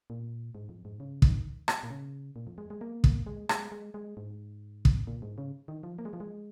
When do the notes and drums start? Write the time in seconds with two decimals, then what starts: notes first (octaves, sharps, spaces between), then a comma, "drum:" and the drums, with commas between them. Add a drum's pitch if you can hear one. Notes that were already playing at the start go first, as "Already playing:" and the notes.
0.10 A#2
0.55 G#2
0.69 F2
0.85 G#2
1.00 C#3
1.22 D#3, drum: kick
1.68 drum: rim click
1.83 A#2
1.90 C#3
2.36 A#2
2.47 F2
2.58 G#3
2.70 G#3
2.81 A#3
3.04 drum: kick
3.26 G#3
3.49 G#3, drum: rim click
3.72 G#3
3.94 G#3
4.17 G#2
4.85 drum: kick
5.07 A#2
5.22 G#2
5.38 C#3
5.68 D#3
5.83 F3
5.98 A#3
6.05 G#3
6.13 F3
6.20 G#3